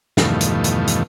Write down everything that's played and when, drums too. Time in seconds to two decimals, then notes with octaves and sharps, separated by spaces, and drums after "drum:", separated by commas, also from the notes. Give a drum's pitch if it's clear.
0.17 E2 G2 B2 D#3 F3 A3, drum: snare
0.41 drum: hi-hat
0.64 drum: hi-hat
0.87 drum: hi-hat